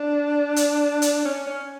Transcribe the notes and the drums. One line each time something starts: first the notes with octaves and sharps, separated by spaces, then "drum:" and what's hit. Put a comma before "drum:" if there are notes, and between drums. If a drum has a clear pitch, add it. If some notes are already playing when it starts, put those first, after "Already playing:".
Already playing: D4
drum: hi-hat
drum: hi-hat
C#4
C#4